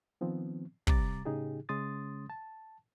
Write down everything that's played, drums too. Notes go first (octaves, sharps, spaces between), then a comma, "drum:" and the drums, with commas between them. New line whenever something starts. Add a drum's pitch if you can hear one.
D#3 F3 B3 C4
C3 G3 A#5 D6 A6, drum: kick
A2 C#3 D#4 G4 G#4
C#3 G#3 C#4 C6 D#6 A6
A5